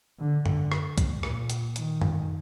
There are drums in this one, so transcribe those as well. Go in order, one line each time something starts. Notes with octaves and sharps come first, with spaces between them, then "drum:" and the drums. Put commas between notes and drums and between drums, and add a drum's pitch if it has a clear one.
D3
drum: tom F#2
drum: rim click
drum: kick, hi-hat
A#2, drum: rim click
drum: hi-hat
D#3, drum: hi-hat
drum: tom F#2